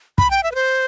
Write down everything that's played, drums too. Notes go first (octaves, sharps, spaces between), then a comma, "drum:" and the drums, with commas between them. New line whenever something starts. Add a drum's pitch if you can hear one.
B5, drum: kick
G5
E5
B4
C5